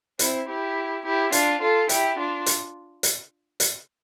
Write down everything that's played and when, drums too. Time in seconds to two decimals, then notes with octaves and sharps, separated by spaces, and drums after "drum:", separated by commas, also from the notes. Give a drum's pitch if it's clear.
0.19 C4 E4, drum: hi-hat
0.48 E4 G4
1.04 E4 G4
1.32 D4 F4, drum: hi-hat
1.61 F4 A4
1.89 E4 G4, drum: hi-hat
2.18 D4 F4
2.46 drum: hi-hat
3.03 drum: hi-hat
3.60 drum: hi-hat